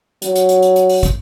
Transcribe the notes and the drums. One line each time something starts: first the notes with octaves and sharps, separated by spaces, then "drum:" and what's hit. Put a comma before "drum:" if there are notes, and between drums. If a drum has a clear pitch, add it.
F#3, drum: hi-hat
drum: hi-hat
drum: hi-hat
drum: hi-hat
drum: hi-hat
drum: open hi-hat
drum: kick, hi-hat